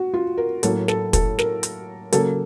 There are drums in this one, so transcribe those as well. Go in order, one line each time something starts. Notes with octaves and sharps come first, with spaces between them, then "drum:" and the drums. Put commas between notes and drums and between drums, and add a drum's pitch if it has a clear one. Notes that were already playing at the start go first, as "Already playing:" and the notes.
Already playing: F#4
F4
A#4
A2 F#3 A#3 A4, drum: hi-hat
A4, drum: snare
A4, drum: kick, hi-hat
A#4, drum: snare
drum: hi-hat
C#3 F#3 A#3 A4, drum: hi-hat